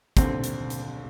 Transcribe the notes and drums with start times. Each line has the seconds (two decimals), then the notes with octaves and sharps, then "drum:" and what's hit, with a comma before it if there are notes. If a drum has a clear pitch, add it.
0.17 D#2 D3 C4, drum: kick, hi-hat
0.44 drum: hi-hat
0.70 drum: hi-hat